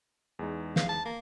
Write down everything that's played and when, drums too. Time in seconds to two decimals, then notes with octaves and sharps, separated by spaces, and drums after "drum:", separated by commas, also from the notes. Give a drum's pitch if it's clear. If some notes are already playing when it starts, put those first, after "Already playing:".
0.39 E2 G#3 D#4
0.76 F5, drum: snare
0.89 A5
1.05 A#3